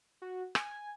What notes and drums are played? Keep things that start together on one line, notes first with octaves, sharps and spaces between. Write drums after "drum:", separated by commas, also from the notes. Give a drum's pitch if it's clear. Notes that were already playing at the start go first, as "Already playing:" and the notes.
F#4
G#5, drum: rim click